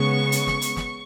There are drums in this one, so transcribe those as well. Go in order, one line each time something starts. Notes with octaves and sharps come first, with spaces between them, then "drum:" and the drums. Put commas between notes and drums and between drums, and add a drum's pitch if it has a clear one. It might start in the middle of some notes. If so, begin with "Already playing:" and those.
Already playing: C#3 G#3 B3 C#6
drum: hi-hat
drum: snare
drum: hi-hat
drum: snare